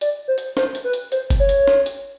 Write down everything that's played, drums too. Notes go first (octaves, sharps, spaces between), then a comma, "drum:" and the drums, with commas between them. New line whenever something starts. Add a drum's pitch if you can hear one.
D5, drum: hi-hat
C5
drum: hi-hat
C5, drum: snare
drum: hi-hat
B4
drum: hi-hat
C5, drum: hi-hat
drum: kick F#1, hi-hat
C#5
drum: hi-hat
drum: snare
drum: hi-hat